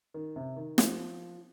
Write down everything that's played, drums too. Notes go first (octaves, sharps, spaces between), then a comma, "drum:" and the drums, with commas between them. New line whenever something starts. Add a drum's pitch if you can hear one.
D#3
C3
D#3
F3, drum: snare